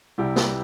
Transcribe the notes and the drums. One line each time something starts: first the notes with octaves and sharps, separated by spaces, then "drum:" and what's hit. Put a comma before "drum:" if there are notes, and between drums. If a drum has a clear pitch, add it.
C2 C3 G3 E4 G4
G4 B4, drum: snare